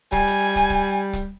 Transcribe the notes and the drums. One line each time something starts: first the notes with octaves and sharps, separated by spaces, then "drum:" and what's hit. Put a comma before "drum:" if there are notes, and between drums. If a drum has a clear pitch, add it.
G3 G#5, drum: kick
drum: hi-hat
drum: kick, hi-hat
drum: kick
drum: kick, hi-hat